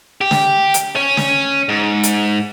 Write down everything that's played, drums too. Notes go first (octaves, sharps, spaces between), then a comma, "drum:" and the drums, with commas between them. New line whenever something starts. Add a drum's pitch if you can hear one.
G4
drum: snare
drum: hi-hat
C#4
drum: snare
G#2
drum: hi-hat